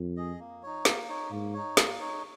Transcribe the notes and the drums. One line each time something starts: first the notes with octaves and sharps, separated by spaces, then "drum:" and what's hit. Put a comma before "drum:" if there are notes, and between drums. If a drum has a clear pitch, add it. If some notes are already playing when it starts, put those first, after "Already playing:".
Already playing: F2
G#4 D#5
A#3
D#4 C#5
A#3, drum: snare
D#4 C#5
G#2 A#3
D#4 C#5
A#3, drum: snare
D#4 C#5